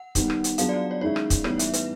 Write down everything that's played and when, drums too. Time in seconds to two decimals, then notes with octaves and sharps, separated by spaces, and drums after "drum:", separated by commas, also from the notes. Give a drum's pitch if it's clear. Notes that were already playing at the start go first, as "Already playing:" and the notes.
Already playing: F#5
0.15 D#3 G3 B3 D#4, drum: kick C#1, hi-hat
0.30 drum: rim click
0.44 drum: hi-hat
0.58 F#3 B3 D4 F4 G#4 F5, drum: hi-hat
0.69 D5
0.91 C#5
1.01 D#3 G#3 C#4 E4 C#5
1.16 drum: rim click
1.30 drum: kick C#1, hi-hat
1.44 A2 E3 G3 B3 D#4 C#5, drum: rim click
1.59 E5, drum: hi-hat
1.73 B4, drum: hi-hat